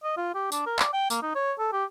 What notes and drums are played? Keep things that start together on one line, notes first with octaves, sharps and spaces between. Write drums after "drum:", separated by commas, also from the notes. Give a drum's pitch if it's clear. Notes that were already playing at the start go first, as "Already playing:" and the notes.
D#5
F4
G4
D4, drum: tambourine
A#4
D5, drum: clap
G5
A#3, drum: tambourine
D#4
C#5
A4
G4